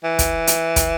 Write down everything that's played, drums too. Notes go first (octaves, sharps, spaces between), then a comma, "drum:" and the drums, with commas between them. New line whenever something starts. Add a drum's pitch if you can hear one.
E3
drum: kick, hi-hat
drum: hi-hat
drum: kick, hi-hat